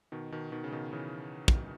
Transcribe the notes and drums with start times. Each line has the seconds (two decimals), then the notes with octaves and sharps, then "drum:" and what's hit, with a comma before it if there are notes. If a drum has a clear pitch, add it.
0.12 B2 D#3
0.32 B2 D#3
0.52 B2 D#3
0.64 C#3
0.72 B2 D#3
0.93 C#3 E3
1.48 drum: kick